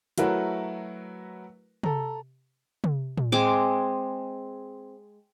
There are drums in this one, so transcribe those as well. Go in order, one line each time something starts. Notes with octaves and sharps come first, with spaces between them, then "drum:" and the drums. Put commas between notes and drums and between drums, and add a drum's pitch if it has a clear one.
F#3 A3 E4 F#4 A#4 B4, drum: hi-hat
A4 A#5, drum: tom
drum: tom
drum: tom
G#3 C4 D6